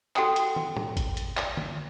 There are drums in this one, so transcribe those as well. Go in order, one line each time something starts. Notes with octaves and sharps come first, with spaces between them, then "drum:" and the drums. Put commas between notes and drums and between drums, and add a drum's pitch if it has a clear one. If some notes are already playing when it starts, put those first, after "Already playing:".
F#4 A4 F#5 G5 D#6, drum: clap
drum: hi-hat
drum: tom
drum: tom
drum: kick G#1, hi-hat
drum: hi-hat
drum: clap
drum: tom D3